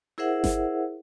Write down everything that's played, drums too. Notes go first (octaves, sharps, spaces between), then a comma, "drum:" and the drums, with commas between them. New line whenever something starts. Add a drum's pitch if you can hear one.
E4 G#4 A#4 C5 E5 F#5
drum: snare G1